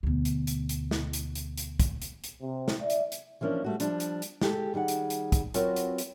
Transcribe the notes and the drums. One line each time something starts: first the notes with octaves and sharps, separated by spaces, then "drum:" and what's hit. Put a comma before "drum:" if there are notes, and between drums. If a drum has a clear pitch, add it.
D2 B2
drum: hi-hat
drum: hi-hat
drum: hi-hat
drum: snare
drum: hi-hat
drum: hi-hat
drum: hi-hat
drum: kick, hi-hat
drum: hi-hat
drum: hi-hat
C3
drum: snare
D5 E5
drum: hi-hat
drum: hi-hat
E3 F3 A#3 C#4 D4
G3 A3 F#4
F3 G3 D4, drum: hi-hat
drum: hi-hat
drum: hi-hat
G#3 G4 A4, drum: snare
D#3 G3 G#4 F#5
drum: hi-hat
drum: hi-hat
drum: kick, hi-hat
F#3 C4 F4 F#4 A#4 B4, drum: hi-hat
drum: hi-hat
drum: hi-hat